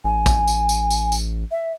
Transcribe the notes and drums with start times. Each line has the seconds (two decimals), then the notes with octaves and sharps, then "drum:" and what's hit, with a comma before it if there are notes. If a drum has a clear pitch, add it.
0.05 A1 G#5
0.26 drum: kick, tambourine
0.47 drum: tambourine
0.69 drum: tambourine
0.90 drum: tambourine
1.12 drum: tambourine
1.51 E5